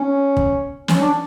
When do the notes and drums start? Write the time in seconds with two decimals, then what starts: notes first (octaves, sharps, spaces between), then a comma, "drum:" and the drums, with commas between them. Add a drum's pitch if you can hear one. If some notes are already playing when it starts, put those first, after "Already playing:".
Already playing: C#4
0.37 drum: kick
0.88 C#4, drum: snare
1.01 D4